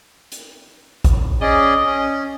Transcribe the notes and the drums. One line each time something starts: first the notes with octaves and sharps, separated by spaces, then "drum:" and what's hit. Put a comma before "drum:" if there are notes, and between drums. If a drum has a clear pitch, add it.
drum: hi-hat
drum: kick A1, hi-hat
C#4 G#4 D5 D#5
C#4